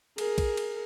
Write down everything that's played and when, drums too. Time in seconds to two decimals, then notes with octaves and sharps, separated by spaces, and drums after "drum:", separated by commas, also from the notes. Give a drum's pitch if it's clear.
0.18 G#4 A#4, drum: cymbal
0.38 drum: kick A#1, cymbal
0.57 drum: cymbal